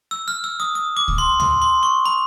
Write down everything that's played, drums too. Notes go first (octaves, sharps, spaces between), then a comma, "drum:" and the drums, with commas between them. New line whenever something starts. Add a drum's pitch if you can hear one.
E6
F6
E6
D#6
D#6
D6
drum: kick C#2
C6
C6, drum: tom
C6
C#6
B5